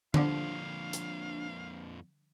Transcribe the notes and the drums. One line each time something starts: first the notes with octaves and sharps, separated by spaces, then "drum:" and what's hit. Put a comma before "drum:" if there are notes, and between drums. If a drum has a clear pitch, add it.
F2 A#2 D3 F3 G3 D4 F5, drum: tom D3
drum: hi-hat